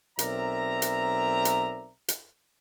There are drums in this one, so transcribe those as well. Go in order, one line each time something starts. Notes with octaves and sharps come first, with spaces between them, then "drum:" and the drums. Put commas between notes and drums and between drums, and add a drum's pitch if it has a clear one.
B1 C4 A#4 D5 E5 A#5, drum: hi-hat
drum: hi-hat
drum: hi-hat
drum: hi-hat